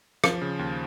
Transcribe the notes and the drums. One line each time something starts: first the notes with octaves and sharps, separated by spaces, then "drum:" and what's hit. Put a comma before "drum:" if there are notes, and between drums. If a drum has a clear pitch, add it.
F3, drum: rim click
C#3
D#2